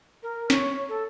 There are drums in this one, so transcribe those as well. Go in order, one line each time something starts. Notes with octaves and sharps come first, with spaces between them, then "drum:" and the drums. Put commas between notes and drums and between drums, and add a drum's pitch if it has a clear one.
A#4
C#5, drum: snare
A4